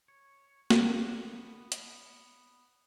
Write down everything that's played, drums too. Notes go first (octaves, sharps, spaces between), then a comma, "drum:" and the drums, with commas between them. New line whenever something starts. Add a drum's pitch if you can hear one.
C#5
drum: snare
D6
B3
drum: hi-hat